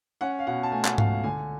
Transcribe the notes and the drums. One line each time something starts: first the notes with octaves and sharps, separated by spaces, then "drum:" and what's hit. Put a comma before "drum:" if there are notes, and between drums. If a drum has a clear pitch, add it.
C#4 F#5
F5
B2 F#5
A5
A3 G#5
F#5, drum: clap
C#2 F5, drum: tom G#2
D3 G#5